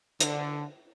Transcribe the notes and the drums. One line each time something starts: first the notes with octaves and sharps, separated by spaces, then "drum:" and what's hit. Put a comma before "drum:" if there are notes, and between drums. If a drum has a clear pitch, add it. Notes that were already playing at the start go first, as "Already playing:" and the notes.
D3, drum: hi-hat